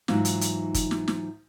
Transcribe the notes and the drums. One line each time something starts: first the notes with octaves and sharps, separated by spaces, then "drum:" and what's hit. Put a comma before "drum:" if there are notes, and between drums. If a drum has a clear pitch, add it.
G#2 E3 F#3 D#4 F4, drum: snare
drum: hi-hat
drum: hi-hat
drum: kick, hi-hat
drum: snare
drum: snare